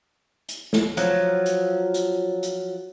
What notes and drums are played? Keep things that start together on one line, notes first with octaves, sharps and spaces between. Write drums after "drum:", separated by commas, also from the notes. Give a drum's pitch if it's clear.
drum: hi-hat
drum: snare
F3 F#3, drum: hi-hat
drum: hi-hat
drum: hi-hat
drum: hi-hat